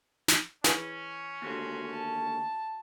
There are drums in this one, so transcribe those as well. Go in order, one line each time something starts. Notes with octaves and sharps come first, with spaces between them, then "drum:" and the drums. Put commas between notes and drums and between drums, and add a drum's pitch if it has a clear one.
drum: snare
E3 C#4 G#4, drum: snare
D#2 D3 F#4 C5
A5